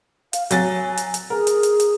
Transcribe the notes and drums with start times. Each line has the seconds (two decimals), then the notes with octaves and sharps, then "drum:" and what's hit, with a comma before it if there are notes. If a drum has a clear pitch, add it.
0.33 F5, drum: hi-hat
0.51 F#3 G#5 A6, drum: hi-hat
0.97 drum: hi-hat
1.14 drum: hi-hat
1.30 G#4 A#4
1.47 drum: hi-hat
1.63 drum: hi-hat
1.80 drum: hi-hat